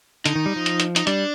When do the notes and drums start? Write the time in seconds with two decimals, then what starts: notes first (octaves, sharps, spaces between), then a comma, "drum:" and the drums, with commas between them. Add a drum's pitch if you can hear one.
0.26 D3 D#4, drum: hi-hat
0.35 D#3
0.46 G3
0.56 F3
0.66 drum: hi-hat
0.80 drum: hi-hat
0.96 D#4, drum: hi-hat
1.07 G3 D4, drum: hi-hat